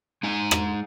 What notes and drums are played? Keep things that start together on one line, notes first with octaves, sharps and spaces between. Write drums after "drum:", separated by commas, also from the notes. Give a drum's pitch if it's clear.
G#3 D#4 G#5
drum: rim click